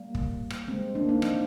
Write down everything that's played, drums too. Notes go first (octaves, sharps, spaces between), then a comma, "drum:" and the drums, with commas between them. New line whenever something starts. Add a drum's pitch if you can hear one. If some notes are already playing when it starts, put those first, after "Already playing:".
Already playing: G3 A#3
drum: kick
drum: rim click
G#3 C4
A#3 D4
C4 D#4
F3, drum: rim click